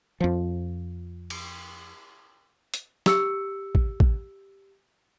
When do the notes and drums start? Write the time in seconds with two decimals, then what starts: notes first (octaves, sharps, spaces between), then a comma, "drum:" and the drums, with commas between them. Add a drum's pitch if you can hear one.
0.21 F2 F3
1.30 drum: cymbal
2.74 drum: hi-hat
3.06 G4 E6 C#7, drum: snare
3.75 drum: kick
4.00 drum: kick